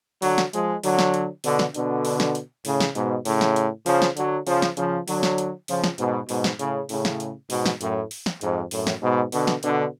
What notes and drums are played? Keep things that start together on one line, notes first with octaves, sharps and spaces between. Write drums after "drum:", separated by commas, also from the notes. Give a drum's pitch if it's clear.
D3 F#3, drum: open hi-hat
drum: snare
F3 G#3, drum: hi-hat
D3 F#3, drum: open hi-hat
drum: snare
drum: hi-hat
B2 D3, drum: open hi-hat
drum: snare
B2 D3, drum: hi-hat
drum: open hi-hat
drum: snare
drum: hi-hat
A2 C#3, drum: open hi-hat
drum: snare
G#2 B2, drum: hi-hat
A2 C#3, drum: open hi-hat
drum: snare
drum: hi-hat
C#3 F3, drum: open hi-hat
drum: snare
D3 F#3, drum: hi-hat
C#3 F3, drum: open hi-hat
drum: snare
C#3 F3, drum: hi-hat
D3 F#3, drum: open hi-hat
drum: snare
drum: hi-hat
C#3 F3, drum: open hi-hat
drum: snare
G#2 B2, drum: hi-hat
G#2 B2, drum: open hi-hat
drum: snare
A2 C#3, drum: hi-hat
A2 C#3, drum: open hi-hat
drum: snare
drum: hi-hat
G#2 B2, drum: open hi-hat
drum: snare
F#2 A2, drum: hi-hat
drum: open hi-hat
drum: snare
F2 G#2, drum: hi-hat
F#2 A2, drum: open hi-hat
drum: snare
G#2 B2
B2 D3, drum: open hi-hat
drum: snare
B2 D3, drum: hi-hat